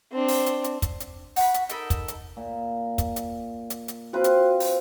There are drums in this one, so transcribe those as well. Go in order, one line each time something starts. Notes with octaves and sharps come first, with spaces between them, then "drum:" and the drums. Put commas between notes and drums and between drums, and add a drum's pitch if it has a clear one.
C4 D4
drum: open hi-hat
drum: hi-hat
drum: hi-hat
drum: kick, hi-hat
drum: hi-hat
F#4 B5, drum: open hi-hat
drum: hi-hat
D#4 A4 A#4 B5, drum: hi-hat
drum: kick, hi-hat
drum: hi-hat
A#2
drum: kick, hi-hat
drum: hi-hat
drum: hi-hat
drum: hi-hat
C4 F4 F#4 B4 C5
drum: hi-hat
drum: open hi-hat